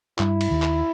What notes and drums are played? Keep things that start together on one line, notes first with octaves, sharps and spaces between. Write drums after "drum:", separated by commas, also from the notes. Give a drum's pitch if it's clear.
G2 G3 E4, drum: clap
drum: cymbal
D#2 D#3
drum: clap